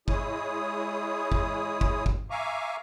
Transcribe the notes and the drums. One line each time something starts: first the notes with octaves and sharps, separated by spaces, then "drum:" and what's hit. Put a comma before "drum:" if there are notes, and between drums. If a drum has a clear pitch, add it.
G#3 E4 G#4 C#5 D#6, drum: kick
drum: kick
drum: kick
drum: kick
E5 F5 G#5 A#5 C#6 D6